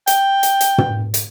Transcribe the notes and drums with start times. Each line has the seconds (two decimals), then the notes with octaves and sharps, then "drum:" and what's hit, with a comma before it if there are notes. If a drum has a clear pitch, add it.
0.07 G5, drum: hi-hat
0.43 drum: hi-hat
0.61 drum: hi-hat
0.78 drum: tom
1.14 drum: hi-hat